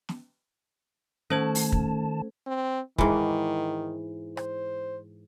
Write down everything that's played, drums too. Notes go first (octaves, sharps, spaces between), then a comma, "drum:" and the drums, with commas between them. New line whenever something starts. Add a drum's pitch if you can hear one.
drum: snare
D#3 A3 C#4 C5 A5 G#6
drum: open hi-hat
drum: kick
C4
G#2 D#3 E3, drum: kick
C5, drum: rim click